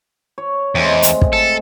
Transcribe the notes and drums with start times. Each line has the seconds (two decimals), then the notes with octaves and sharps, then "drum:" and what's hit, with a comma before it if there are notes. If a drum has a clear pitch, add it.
0.38 C#5
0.75 E2 G#3 A3 C4
1.03 drum: hi-hat
1.21 drum: kick
1.33 A4